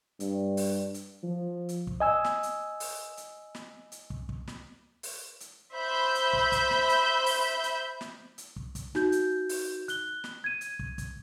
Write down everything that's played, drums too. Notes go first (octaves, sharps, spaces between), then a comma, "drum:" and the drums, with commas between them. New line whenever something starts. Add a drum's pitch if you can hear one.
G2, drum: hi-hat
drum: open hi-hat
drum: hi-hat
F3
drum: hi-hat
drum: kick
D#5 G#5 E6
drum: snare
drum: hi-hat
drum: open hi-hat
drum: hi-hat
drum: snare
drum: hi-hat
drum: kick
drum: kick
drum: snare
drum: open hi-hat
drum: hi-hat
C5 E5 B5 G6
drum: hi-hat
drum: kick
drum: kick, hi-hat
drum: snare
drum: hi-hat
drum: open hi-hat
drum: hi-hat
drum: snare
drum: hi-hat
drum: kick
drum: kick, hi-hat
D#4 F#4 G6, drum: snare
drum: hi-hat
drum: open hi-hat
F#6 G7, drum: hi-hat
drum: snare
G#6 D#7
drum: hi-hat
drum: kick
drum: kick, hi-hat